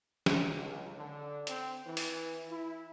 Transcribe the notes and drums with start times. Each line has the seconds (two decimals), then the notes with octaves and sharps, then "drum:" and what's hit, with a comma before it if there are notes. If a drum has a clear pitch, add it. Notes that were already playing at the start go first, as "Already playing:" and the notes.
0.26 drum: snare
0.54 C#2
0.97 D3
1.47 C4, drum: hi-hat
1.86 E3
1.97 drum: open hi-hat
2.50 E4